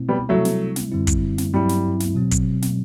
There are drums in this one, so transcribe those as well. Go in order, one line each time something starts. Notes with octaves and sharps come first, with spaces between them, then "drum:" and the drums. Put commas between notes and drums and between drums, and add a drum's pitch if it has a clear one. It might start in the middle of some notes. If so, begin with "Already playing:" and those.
Already playing: B2 A3 C4 E4
G3 B3
C3 F#3 G3 A3 C4 E4
drum: snare
drum: snare
F#2 D3 G3 C4 E4
drum: kick, hi-hat
drum: snare
G2 F#3 G3 C4 E4
drum: snare
drum: snare
B2 F#3 C4
drum: kick, hi-hat
drum: snare